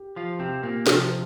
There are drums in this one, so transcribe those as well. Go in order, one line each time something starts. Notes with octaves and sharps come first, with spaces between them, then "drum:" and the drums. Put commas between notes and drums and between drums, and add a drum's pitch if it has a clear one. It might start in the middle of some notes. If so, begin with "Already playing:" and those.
Already playing: G4
F3 F4
C3 C4 G4
A#2 A#3
C3 F3, drum: snare